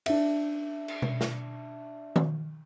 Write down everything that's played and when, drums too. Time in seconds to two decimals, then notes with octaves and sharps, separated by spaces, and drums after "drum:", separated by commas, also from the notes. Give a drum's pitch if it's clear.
0.06 D4 E5, drum: cymbal
0.88 drum: cymbal
1.02 drum: tom B2
1.21 drum: snare
2.16 drum: tom D#3